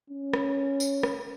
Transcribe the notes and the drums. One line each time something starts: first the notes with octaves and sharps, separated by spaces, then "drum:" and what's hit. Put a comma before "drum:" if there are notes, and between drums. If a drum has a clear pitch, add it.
C#4
drum: rim click
drum: tambourine
drum: rim click